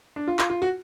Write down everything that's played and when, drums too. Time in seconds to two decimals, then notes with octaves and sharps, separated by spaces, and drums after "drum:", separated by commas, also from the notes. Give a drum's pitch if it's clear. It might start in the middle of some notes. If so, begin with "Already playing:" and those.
0.16 D4
0.28 F4
0.39 F4, drum: clap
0.50 F4
0.62 F#4